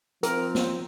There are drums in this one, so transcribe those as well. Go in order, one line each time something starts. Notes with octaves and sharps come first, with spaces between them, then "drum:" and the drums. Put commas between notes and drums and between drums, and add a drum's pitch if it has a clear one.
F3 C4 A#4, drum: hi-hat
drum: snare